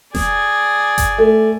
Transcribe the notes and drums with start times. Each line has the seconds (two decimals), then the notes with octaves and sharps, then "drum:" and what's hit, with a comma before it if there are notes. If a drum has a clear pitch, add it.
0.15 G#4 D5 G#5, drum: snare F1
0.98 drum: kick G1, hi-hat
1.18 A3